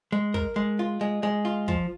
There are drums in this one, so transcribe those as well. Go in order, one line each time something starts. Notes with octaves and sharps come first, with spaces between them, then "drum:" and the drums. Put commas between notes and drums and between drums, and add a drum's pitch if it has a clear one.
G#3
A#4, drum: kick
G#3
F4
G#3
G#3
F4
F3, drum: kick